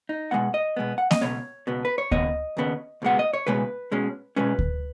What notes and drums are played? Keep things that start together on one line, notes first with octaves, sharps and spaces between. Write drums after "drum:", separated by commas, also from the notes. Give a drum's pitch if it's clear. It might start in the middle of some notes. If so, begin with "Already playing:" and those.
D#4
B2 G#3 B3 F#5
D#5
B2 G#3 B3
F#5
D#5, drum: snare A#3
C#2 B2 B3 C#5
C#2 B2 B3
B4
C#5
D#2 C#3 B3 D#5, drum: kick D2
D#2 C#3 B3
C#2 B2 G#3 B3 F#5
D#5
C#5
C#2 B2 G#3 B3 B4
B2 G#3 C#4
B2 G#3 C#4 B4
drum: kick D2